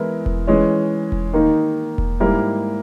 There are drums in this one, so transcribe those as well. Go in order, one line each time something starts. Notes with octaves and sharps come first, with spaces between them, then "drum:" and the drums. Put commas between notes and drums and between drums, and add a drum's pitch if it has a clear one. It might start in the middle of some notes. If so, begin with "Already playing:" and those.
Already playing: E3 G#3 B3 E4 A#4
drum: kick E1
E3 G#3 C#4
drum: kick E1
D#3 A#3 D#4
drum: kick E1
G#2 G3 A#3 E4 A#4